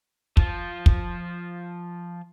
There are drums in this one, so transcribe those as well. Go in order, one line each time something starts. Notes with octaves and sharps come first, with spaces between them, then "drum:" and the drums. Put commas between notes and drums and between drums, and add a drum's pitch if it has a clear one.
F3 F4, drum: kick
drum: kick